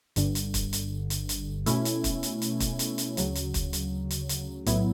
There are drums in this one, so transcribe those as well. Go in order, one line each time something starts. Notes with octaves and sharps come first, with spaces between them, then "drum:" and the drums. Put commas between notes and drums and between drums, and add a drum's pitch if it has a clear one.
G1 G2 D3, drum: hi-hat
drum: hi-hat
drum: kick, hi-hat
drum: hi-hat
drum: hi-hat
drum: hi-hat
B2 A3 C#4 E4, drum: hi-hat
drum: hi-hat
drum: kick, hi-hat
drum: hi-hat
drum: hi-hat
drum: kick, hi-hat
drum: hi-hat
drum: hi-hat
D2 C#3 F#3, drum: hi-hat
drum: hi-hat
drum: kick, hi-hat
drum: hi-hat
drum: hi-hat
drum: hi-hat
B1 A2 F#3 B3 E4, drum: hi-hat